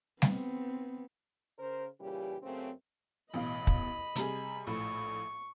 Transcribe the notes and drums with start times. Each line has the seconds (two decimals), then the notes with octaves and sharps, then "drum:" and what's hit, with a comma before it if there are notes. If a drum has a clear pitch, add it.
0.22 B3 C4, drum: snare G3
1.59 C#3 A#4 C5
1.99 A#2 C#3 E3 G3 G4
2.42 F#2 C#3 A3 C4
3.34 A1 B2 D#5 F5 B5
3.67 drum: kick
4.16 C3 G3 G#4, drum: hi-hat
4.67 A#1 A2 B5 C#6